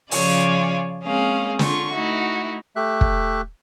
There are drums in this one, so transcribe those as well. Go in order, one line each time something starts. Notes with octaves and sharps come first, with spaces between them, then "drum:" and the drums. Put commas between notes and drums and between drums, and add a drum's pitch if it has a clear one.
C#3 F3 F4 C#5 D5 G#5, drum: open hi-hat
G#3 A#3 C4 C#4 G#4 F5
D3 F4 C#6, drum: snare
A3 D#4 E4 F#4
A3 G4 E5 F#6
drum: kick